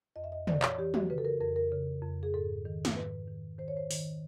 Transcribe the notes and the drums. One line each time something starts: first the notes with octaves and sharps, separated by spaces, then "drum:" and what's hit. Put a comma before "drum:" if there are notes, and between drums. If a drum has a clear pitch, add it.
F2 D#5
E5
D#5
E3 D5, drum: tom
C#5, drum: clap
E3 G4
F#4, drum: tom
C#3 B4
A4
A#4
F2 A#4
A#4
C#3
F2
G#4
G#2 A4
D#3
drum: snare
G#2 B4
D#3
D#3 C5
C#5
C5
D#3, drum: open hi-hat